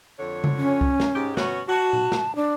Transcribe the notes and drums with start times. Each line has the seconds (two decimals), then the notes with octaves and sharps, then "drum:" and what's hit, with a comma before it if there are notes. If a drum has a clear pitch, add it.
0.19 F2 D3 C#5
0.44 drum: tom C#3
0.57 C#4
0.81 drum: kick C2
1.00 drum: snare
1.15 G#2 G4
1.37 B3 C#4 F#4, drum: snare
1.68 F#4 A5
1.93 drum: tom A#2
2.12 drum: snare
2.36 D4